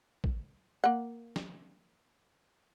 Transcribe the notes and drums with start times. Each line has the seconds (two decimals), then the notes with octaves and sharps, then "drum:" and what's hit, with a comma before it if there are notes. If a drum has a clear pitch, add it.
0.24 drum: kick
0.84 A#3 F#5
1.36 drum: snare